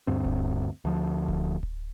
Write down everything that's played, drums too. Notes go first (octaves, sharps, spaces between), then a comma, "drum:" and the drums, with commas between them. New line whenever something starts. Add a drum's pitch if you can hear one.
D2 G2 C4
drum: kick D1
D2 F3
drum: kick D1
drum: kick D1